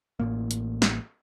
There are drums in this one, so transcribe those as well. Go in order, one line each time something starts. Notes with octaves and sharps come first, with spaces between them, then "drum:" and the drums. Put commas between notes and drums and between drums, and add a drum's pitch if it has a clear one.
A1 A2 A#3
drum: hi-hat
drum: snare